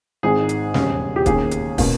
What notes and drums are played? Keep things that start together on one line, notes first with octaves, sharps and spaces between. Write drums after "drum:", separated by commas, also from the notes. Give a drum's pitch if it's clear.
G#1 G#2 D#3 G#4
drum: hi-hat
E1 D#2 C#3 G3 C#4, drum: snare
G4
D#2 D#3 A#3 C#4 G#4, drum: kick, hi-hat
drum: hi-hat
B2 A#3 C#4, drum: kick, open hi-hat